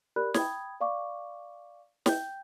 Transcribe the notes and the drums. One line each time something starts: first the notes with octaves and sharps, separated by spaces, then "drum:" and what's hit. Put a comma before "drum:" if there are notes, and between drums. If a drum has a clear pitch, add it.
G4 A#4 D5 B5 F#6
G5 B5 D#6 G#6, drum: snare
D5 F5 C#6 D6
G5 G6, drum: snare